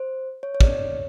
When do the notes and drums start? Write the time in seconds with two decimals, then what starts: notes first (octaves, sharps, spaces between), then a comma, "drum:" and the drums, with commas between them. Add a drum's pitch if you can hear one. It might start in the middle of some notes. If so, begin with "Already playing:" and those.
Already playing: C5
0.43 C#5
0.55 C#5
0.61 D5, drum: kick
0.78 C#5